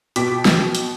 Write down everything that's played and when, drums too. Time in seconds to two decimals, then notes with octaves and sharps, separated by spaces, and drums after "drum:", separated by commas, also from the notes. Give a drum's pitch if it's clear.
0.16 B2 G5 D6 B6, drum: hi-hat
0.45 drum: snare
0.75 drum: hi-hat